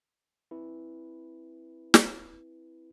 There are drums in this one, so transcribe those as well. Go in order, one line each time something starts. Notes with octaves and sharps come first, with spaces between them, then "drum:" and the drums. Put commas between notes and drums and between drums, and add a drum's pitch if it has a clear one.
C4 E4 B4
drum: snare